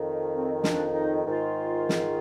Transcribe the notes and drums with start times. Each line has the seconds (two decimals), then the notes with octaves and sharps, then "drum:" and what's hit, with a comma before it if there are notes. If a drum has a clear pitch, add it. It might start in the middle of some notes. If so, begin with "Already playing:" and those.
Already playing: F2 D#3
0.32 C4
0.64 D4, drum: snare
0.94 D#4
1.26 G#2 D#3 F4
1.89 drum: snare